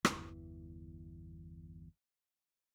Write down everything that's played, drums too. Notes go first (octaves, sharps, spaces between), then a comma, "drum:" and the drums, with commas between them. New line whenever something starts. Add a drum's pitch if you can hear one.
G1 E2 E3, drum: rim click